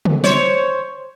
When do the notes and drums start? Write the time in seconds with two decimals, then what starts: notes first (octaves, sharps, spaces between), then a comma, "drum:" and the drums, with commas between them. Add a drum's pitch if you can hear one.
0.05 drum: tom C#3
0.24 C5 C#5, drum: snare